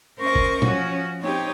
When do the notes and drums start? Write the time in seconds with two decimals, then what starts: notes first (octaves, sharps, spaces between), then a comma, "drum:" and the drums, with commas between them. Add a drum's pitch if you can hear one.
0.19 C#4 A#4 C5 D#5 C#6
0.35 drum: kick
0.62 F3 C#4 F#4, drum: tom
1.21 C4 D#4 G4 C#5